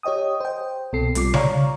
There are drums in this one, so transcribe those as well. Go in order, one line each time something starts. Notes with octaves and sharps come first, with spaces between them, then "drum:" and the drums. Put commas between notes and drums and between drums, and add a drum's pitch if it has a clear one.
G4 C#5 D#5 G5 D#6
C5 G5
C2 B2 C4 A4 C7
B1 G3 F4 D6 C7, drum: hi-hat
C#5 D5 F5 A#5 C#6, drum: tom C#3